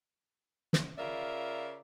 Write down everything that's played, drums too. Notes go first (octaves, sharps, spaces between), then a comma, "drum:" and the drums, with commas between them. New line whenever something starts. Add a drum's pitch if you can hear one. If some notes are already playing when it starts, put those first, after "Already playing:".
drum: snare
C#3 F4 A#4 D5 E5